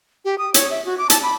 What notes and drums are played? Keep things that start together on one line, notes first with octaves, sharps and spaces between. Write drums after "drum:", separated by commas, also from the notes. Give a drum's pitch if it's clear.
G4
D#6
C#5, drum: hi-hat
E5
F#4
D6
A5, drum: hi-hat
B5